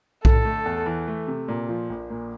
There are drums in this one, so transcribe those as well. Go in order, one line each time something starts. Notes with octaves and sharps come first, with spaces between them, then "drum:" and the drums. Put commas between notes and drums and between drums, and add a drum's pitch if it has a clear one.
D3 A4, drum: kick B1
A3
E2
E3
A3
C3
A#2
F3
A#1
A#2